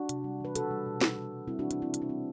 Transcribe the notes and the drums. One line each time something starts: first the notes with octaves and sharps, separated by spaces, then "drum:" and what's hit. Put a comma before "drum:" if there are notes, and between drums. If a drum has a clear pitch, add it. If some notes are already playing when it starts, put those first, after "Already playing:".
Already playing: D4 F#4
C3, drum: hi-hat
G3
E3 B4
B2 F#4 A4, drum: hi-hat
G3
B2
G3, drum: snare
B2
G3
G3 C4 E4
D4 F#4
E3
D4 F#4, drum: hi-hat
C3 C4 E4
C3 E4, drum: hi-hat
D4
G3 C4